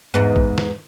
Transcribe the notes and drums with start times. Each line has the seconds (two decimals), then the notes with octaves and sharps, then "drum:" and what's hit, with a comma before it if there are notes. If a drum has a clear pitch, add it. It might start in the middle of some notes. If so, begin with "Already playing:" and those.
0.14 E2 G#2 B3
0.36 drum: kick A1
0.58 drum: snare